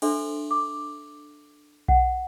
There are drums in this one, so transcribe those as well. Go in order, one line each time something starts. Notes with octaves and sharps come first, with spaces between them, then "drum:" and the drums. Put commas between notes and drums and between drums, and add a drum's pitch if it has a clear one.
D4 A4 C5 E5 C6, drum: cymbal
D6
F#5, drum: kick B1